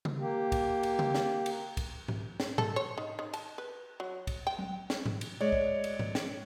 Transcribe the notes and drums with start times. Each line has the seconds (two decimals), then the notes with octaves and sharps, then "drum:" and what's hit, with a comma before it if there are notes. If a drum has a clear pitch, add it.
0.05 drum: tom C#3
0.18 A#3 G4
0.52 drum: kick C2, cymbal
0.83 drum: cymbal
0.99 drum: tom C#3
1.15 drum: snare
1.46 drum: cymbal
1.77 drum: kick C2, cymbal
2.08 drum: tom G#2
2.40 drum: snare
2.58 A4, drum: tom G#2
2.76 C#5
2.98 D#3
3.19 D#3
3.34 A5, drum: cymbal
3.58 B4
4.00 F#3
4.27 drum: kick C2, cymbal
4.47 G5
4.59 drum: tom F#3
4.90 drum: snare
5.06 drum: tom G#2
5.21 drum: cymbal
5.41 G#3 C#5 D5
5.52 drum: kick C2
5.84 drum: cymbal
5.99 drum: tom G#2
6.15 drum: snare